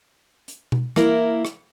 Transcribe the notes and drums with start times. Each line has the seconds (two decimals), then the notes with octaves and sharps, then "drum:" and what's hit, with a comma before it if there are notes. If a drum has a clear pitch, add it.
0.48 drum: hi-hat
0.72 drum: tom B2
0.96 A#3 E4 A#4, drum: rim click
1.45 drum: rim click